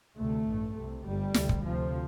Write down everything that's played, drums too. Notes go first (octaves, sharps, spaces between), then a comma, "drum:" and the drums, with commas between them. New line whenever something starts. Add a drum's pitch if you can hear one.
D2 C3 A3
A1 G2
C2 C3
G1 G2 G3
D2 C3, drum: snare
drum: kick
D2 C3 F3